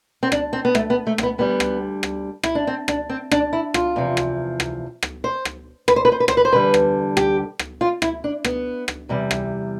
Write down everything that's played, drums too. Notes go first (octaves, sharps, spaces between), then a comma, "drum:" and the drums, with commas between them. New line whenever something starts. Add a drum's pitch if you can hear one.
C4
D4, drum: rim click
C4
B3
A3, drum: rim click
B3
A3
C4, drum: rim click
B3
D2 D3 G3 B3
drum: rim click
drum: rim click
E4, drum: rim click
D4
C4
D4, drum: rim click
C4
D4, drum: rim click
E4
F4, drum: rim click
E2 C3 F3
drum: rim click
drum: rim click
drum: rim click
C5
drum: rim click
B4, drum: rim click
C5
B4
C5
B4
C5, drum: rim click
B4
C5
E2 D3 G3 B4
drum: rim click
G4, drum: rim click
drum: rim click
F4
E4, drum: rim click
D4
B3, drum: rim click
drum: rim click
E2 C3 G3
drum: rim click